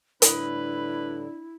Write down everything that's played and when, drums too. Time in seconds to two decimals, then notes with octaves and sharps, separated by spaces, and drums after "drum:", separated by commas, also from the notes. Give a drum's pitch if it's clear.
0.22 A2 D3 G3 D4 E4 B4, drum: hi-hat